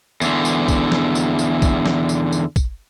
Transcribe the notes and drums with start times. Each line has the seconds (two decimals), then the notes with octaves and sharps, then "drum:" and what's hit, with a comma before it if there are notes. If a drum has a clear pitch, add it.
0.21 E2 D3, drum: tambourine
0.45 drum: tambourine
0.68 drum: kick, tambourine
0.92 drum: snare
1.15 drum: tambourine
1.39 drum: tambourine
1.62 drum: kick, tambourine
1.86 drum: snare
2.09 drum: tambourine
2.32 drum: tambourine
2.56 drum: kick, tambourine